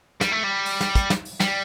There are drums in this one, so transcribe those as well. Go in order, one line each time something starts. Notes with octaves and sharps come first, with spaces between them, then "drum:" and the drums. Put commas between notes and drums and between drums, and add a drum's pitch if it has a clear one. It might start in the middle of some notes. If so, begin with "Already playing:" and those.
G3, drum: snare
A3
G3
drum: open hi-hat
drum: snare
drum: kick, hi-hat
drum: snare
drum: open hi-hat
G3, drum: snare